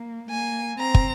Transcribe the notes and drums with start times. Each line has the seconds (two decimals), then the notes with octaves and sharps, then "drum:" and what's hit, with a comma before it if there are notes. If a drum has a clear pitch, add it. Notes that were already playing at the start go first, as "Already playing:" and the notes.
Already playing: A#3
0.30 A#3 G#5
0.79 C4 A#5
0.94 drum: kick